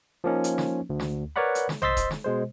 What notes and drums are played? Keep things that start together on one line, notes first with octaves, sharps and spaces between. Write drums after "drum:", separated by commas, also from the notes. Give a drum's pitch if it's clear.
F3 A#3 C#4 D#4
drum: hi-hat
drum: snare
D2
drum: snare
A#4 B4 C#5 D5 F#5 B5
drum: hi-hat
drum: snare
C5 D#5 C6 E6 A6 B6, drum: tom A#1
drum: kick D#1, hi-hat
drum: snare
B2 G#3 C5